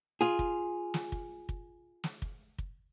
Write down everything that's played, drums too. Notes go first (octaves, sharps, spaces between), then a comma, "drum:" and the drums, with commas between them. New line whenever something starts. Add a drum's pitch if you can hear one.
F4 G#4
drum: kick
drum: snare
drum: kick
drum: kick
drum: snare
drum: kick
drum: kick